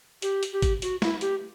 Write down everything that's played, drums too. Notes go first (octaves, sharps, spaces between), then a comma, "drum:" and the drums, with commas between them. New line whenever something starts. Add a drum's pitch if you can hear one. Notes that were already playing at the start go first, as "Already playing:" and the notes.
G4, drum: hi-hat
drum: hi-hat
G4
drum: kick, hi-hat
F#4, drum: hi-hat
E4, drum: snare
G4, drum: hi-hat